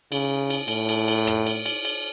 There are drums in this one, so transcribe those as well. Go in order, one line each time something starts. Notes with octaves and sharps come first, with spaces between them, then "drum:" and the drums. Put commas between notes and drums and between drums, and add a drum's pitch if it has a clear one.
C#3, drum: cymbal
drum: cymbal
A2, drum: cymbal
drum: cymbal
drum: cymbal
drum: rim click
drum: cymbal
drum: cymbal
drum: cymbal